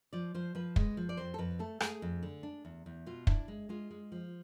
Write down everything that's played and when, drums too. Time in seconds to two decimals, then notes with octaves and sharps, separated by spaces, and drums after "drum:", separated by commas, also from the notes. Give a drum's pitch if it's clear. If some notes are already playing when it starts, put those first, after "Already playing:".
0.13 F3 D5
0.34 F3 C5
0.55 F3 B4
0.76 G#3, drum: kick
0.97 F3
1.09 D5
1.17 F2 C5
1.34 A4
1.38 F2 B4
1.59 A3 A4
1.80 A3 G#4, drum: rim click
2.02 F2
2.23 D3
2.43 D4
2.65 E2
2.86 E2
3.06 B2 F4
3.27 D4 E4, drum: kick
3.48 G#3
3.69 G#3 F4
3.91 G#3
4.12 F3